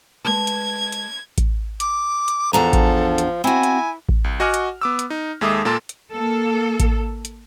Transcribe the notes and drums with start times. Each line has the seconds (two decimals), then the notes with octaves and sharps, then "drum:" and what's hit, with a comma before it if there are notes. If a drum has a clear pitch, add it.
0.25 G#3 B4 A5 G#6
0.47 drum: hi-hat
0.92 drum: hi-hat
1.38 drum: kick A1, hi-hat
1.80 D6, drum: hi-hat
2.28 drum: hi-hat
2.53 E2 F3 D4 A4 A#5
2.73 drum: kick A1, hi-hat
3.18 drum: hi-hat
3.44 C4 E4 F#4 G#5
3.63 drum: hi-hat
4.09 drum: kick A1
4.24 C2
4.40 F#4 D#5 F#5 G#5 D6 F6
4.54 drum: hi-hat
4.81 B3 D6 E6
4.99 drum: hi-hat
5.10 D#4
5.41 D#2 G#3 A4 E5 D6 D#6
5.65 A#2 A#3 A4 A5 C6
5.89 drum: hi-hat
6.12 A#3 A4
6.80 drum: kick A1, hi-hat
7.25 drum: hi-hat